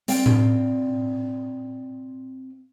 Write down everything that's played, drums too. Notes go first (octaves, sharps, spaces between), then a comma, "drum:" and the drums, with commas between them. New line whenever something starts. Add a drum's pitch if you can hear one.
C4 D5 F5 G5, drum: hi-hat
drum: tom A2